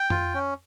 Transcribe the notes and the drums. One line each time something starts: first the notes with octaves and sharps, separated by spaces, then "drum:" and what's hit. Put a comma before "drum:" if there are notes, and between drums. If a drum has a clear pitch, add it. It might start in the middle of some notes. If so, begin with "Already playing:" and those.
Already playing: G5
F4, drum: tom F2
C#4